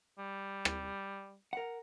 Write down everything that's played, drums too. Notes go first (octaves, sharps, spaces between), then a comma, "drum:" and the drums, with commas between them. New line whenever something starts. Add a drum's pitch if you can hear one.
G3
drum: rim click
A#4 F#5